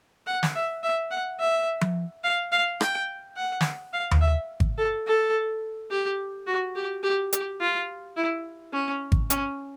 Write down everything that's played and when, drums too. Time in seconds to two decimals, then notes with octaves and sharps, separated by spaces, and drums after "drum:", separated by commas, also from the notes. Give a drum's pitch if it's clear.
0.27 F#5
0.43 drum: snare
0.55 E5
0.83 E5
1.10 F#5
1.40 E5
1.81 drum: tom F3
2.24 F5
2.52 F5
2.81 G5, drum: rim click
3.37 F#5
3.61 drum: snare
3.93 F5
4.11 drum: tom D#2
4.21 E5
4.60 drum: kick G#1
4.77 A4
5.07 A4
5.90 G4
6.47 F#4
6.76 G4
7.03 G4
7.33 G4, drum: hi-hat
7.61 F4
8.16 E4
8.73 C#4
9.12 drum: kick G#1
9.30 C#4, drum: hi-hat